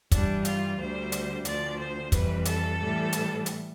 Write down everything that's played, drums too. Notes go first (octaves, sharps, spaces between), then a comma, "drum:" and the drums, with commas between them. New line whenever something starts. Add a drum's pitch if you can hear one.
G2 E3 G3 D4, drum: kick, hi-hat
F4, drum: hi-hat
D2 D3 G3 C5
drum: hi-hat
D2 D3 F3 D5, drum: hi-hat
C5
F2 E3 G3 B4, drum: kick, hi-hat
A4, drum: hi-hat
A2 E3 G3
drum: hi-hat
drum: hi-hat